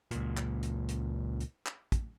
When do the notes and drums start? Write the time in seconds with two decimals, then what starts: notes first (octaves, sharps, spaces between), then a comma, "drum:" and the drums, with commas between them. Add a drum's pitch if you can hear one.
0.11 C#2 A#2, drum: hi-hat
0.37 drum: clap
0.63 drum: hi-hat
0.89 drum: hi-hat
1.40 drum: hi-hat
1.66 drum: clap
1.92 drum: kick, hi-hat